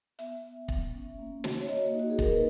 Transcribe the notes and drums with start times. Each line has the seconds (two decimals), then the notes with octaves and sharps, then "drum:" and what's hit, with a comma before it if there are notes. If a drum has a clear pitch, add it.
0.19 B3 E5, drum: hi-hat
0.44 B3
0.68 B3, drum: kick
0.94 C#4
1.19 A#3
1.44 F#4, drum: snare
1.61 C#5
1.68 A#3 D#5, drum: hi-hat
1.94 D#4
1.99 F#4
2.10 G#4
2.19 D#4 A#4, drum: kick, hi-hat
2.32 B4